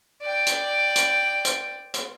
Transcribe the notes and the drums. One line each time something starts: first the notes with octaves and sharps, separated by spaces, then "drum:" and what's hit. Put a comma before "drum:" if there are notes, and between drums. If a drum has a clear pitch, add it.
D5 G5
drum: hi-hat
drum: hi-hat
drum: hi-hat
drum: hi-hat